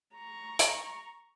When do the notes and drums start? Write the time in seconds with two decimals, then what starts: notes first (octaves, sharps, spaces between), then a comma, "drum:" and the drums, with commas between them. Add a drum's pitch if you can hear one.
0.15 A#5 C#6
0.59 drum: hi-hat